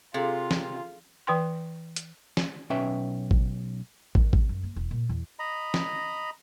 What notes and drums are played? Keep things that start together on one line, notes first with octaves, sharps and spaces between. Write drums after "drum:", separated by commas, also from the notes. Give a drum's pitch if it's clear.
C3 F4 G#4 A4 F5
drum: snare
E3 B4 G5 C6
drum: hi-hat
drum: snare
B1 C#4 B4 E5 G5
drum: kick
D#3, drum: kick
C3, drum: kick
F#2
A#3
E1
A#2
E2
D#5 A#5 B5
drum: snare